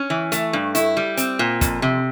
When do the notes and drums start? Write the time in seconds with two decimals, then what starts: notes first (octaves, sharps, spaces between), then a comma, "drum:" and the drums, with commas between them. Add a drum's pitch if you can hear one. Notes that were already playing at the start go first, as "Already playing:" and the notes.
Already playing: C#4
0.10 E3
0.32 A3, drum: hi-hat
0.53 G2
0.75 E4, drum: hi-hat
0.97 G3
1.17 C4, drum: hi-hat
1.39 A#2
1.61 F2, drum: kick, hi-hat
1.82 C3